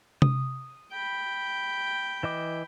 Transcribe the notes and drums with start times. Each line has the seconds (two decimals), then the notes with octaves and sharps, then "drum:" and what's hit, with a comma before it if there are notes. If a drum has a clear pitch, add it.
0.22 D#6, drum: tom C3
0.91 G5 B5
2.23 E3 D#5 D6